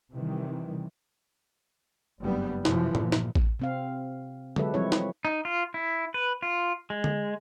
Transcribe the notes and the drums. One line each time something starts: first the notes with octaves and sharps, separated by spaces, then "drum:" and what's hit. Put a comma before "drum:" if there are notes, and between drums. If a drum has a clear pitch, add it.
C3 D#3 E3 G3
F#1 G2 G3 B3
F#2 C3 E3 F3, drum: snare
G1 A#2, drum: tom A2
drum: snare
drum: kick A1
C3 C4 F5
F#3 G#3 G4 A4 B4 E5, drum: tom D3
E3 F3 G3 C4 E4 C#5
drum: snare
D#4
F4
E4
B4
F4
G#3
drum: tom D3